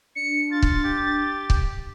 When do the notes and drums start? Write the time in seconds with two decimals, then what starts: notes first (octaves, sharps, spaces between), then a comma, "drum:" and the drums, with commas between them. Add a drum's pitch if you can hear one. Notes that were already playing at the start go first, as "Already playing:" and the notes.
0.16 D4 C#7
0.51 F4 A6
0.62 drum: kick C#1
0.84 G4
1.50 drum: kick C#1